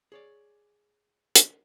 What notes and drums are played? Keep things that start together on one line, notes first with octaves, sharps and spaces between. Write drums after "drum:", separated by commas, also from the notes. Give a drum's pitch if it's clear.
G#4 C#5 D5
drum: hi-hat